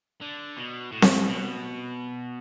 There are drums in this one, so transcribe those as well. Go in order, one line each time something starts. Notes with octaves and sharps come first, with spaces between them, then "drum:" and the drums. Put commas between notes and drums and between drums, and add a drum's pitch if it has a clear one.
D3
B2
A2
drum: snare C4
B2